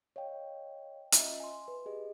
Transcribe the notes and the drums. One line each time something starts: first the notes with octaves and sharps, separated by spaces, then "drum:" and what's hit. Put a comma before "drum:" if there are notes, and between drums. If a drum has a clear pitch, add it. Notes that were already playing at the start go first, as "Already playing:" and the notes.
C#5 D#5 F5 G5
C#4 F4 D#5 E5 A#5, drum: hi-hat
G#5 C6
B4
G4 G#4 D#5